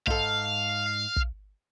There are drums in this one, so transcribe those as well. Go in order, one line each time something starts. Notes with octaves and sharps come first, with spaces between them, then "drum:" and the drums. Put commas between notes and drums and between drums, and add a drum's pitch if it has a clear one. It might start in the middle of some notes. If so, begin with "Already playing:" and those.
G#2 A4 F5, drum: kick
drum: kick